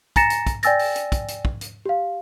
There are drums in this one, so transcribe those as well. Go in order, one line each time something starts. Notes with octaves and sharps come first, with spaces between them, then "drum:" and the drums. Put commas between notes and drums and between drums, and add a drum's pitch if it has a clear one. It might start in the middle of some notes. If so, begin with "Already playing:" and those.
G#5 A#5 A6 A#6 C#7 E7, drum: kick, hi-hat
drum: hi-hat
drum: kick, hi-hat
D5 G5 G#5 E6 A6 A#6, drum: hi-hat
drum: open hi-hat
drum: hi-hat
drum: kick, hi-hat
drum: hi-hat
drum: kick
drum: hi-hat
G4 F5